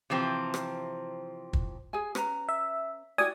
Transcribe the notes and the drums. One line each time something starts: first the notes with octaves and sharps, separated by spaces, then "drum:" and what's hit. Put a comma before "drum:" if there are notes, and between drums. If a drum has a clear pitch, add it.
C3 E3 F3 C4
drum: rim click
drum: kick
G#4 G#5
C#4 B4 A#5, drum: rim click
E5
E4 F#4 D5 G5 G#5 D#6